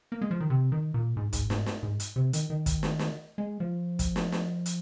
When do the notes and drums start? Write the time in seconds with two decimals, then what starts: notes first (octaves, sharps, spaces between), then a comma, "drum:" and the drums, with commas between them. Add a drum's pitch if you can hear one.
0.12 A#3
0.21 G#3
0.31 F3
0.40 D#3
0.50 C3
0.72 D#3
0.94 A#2
1.17 G#2
1.33 G#2, drum: kick, hi-hat
1.50 G#2, drum: snare
1.66 drum: snare
1.83 G#2
2.00 drum: hi-hat
2.16 C3
2.33 D#3, drum: hi-hat
2.50 D#3
2.66 drum: kick, hi-hat
2.83 drum: snare
2.99 drum: snare
3.38 G#3
3.60 F3
3.99 drum: kick, hi-hat
4.16 drum: snare
4.32 drum: snare
4.66 drum: hi-hat